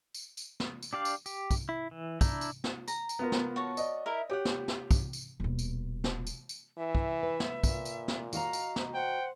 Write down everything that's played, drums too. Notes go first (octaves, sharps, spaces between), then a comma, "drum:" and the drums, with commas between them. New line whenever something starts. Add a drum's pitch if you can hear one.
drum: tambourine
drum: tambourine
drum: snare
drum: tambourine
D4 G4 D5 F5
drum: tambourine
G4, drum: tambourine
drum: kick, tambourine
E4
E3
D4 E4 A#5 G6, drum: kick, tambourine
drum: tambourine
drum: snare
A#5, drum: tambourine
drum: tambourine
B3 F4 A#4
drum: snare
F#4 C#5 A5
D5 D#5, drum: tambourine
E4 A#4 E5
G4 C#5 F#5 G5
drum: snare
drum: snare
drum: kick, tambourine
drum: tambourine
D#1 B2
drum: tambourine
drum: snare
drum: tambourine
drum: tambourine
E3 E5
drum: kick
B4
drum: snare
A#2, drum: kick, tambourine
drum: tambourine
drum: snare
F#4 D#5 F5 A#5, drum: tambourine
drum: tambourine
drum: snare
C5 F#5 G5